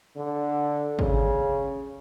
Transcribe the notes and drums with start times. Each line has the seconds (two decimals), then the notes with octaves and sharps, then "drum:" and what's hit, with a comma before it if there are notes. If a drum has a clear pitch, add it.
0.16 D3
0.99 C#3, drum: kick